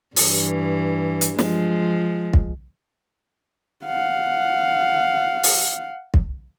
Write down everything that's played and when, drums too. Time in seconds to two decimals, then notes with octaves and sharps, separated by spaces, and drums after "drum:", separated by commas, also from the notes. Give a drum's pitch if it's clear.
0.16 G2 E3, drum: open hi-hat
1.21 drum: hi-hat
1.39 F3 G#3, drum: snare
2.33 drum: kick
3.85 F5 F#5
5.43 drum: open hi-hat
6.14 drum: kick